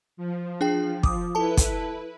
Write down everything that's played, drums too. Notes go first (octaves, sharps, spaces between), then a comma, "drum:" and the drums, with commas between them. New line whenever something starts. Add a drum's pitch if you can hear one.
F3
D4 G#4 G5
D6 D#6, drum: kick
E4 A4 B4 A5
drum: kick, hi-hat